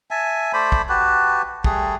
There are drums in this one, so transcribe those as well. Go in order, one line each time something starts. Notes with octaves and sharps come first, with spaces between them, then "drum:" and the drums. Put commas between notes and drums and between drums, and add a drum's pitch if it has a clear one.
E5 G#5 A5
A3 C5 D5 B5
drum: kick
F#4 G4 B4 A5
G3 A3 G#4, drum: kick